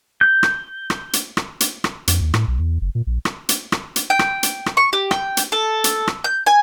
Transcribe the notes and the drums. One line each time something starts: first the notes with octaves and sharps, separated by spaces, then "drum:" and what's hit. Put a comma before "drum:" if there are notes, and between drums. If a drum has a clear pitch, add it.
G6
drum: rim click
drum: rim click
drum: hi-hat
drum: rim click
drum: hi-hat
drum: rim click
F2, drum: hi-hat
D#2
A2, drum: rim click
B1
E2
F#1
A#2
A#1
drum: rim click
drum: hi-hat
drum: rim click
drum: hi-hat
G5
drum: rim click
drum: hi-hat
drum: rim click
C#6
G4
G5, drum: rim click
drum: hi-hat
A4
drum: hi-hat
drum: rim click
G6
G#5